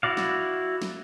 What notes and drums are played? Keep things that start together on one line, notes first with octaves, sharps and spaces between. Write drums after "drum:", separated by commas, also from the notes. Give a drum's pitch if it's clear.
E4 F#4 D5 F5
drum: snare
drum: snare